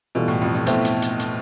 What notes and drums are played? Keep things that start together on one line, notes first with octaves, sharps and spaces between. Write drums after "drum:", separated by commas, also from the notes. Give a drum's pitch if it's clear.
B2 E3 G3 B3 F4 A4
A2
F2
F2
A2 B3 E4 A4 C5 E5, drum: hi-hat
drum: hi-hat
drum: hi-hat
drum: hi-hat